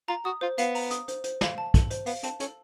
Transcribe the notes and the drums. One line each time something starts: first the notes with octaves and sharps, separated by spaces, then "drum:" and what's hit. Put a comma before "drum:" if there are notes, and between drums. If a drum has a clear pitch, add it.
F4 A#5
F#4 D#6
F4 C5
B3 F5, drum: hi-hat
A#5, drum: open hi-hat
D#6, drum: hi-hat
C5, drum: hi-hat
C5, drum: hi-hat
F5, drum: snare
A5
A4, drum: kick, hi-hat
C5, drum: hi-hat
B3 F5, drum: open hi-hat
C4 A5, drum: hi-hat
C#4 A4, drum: hi-hat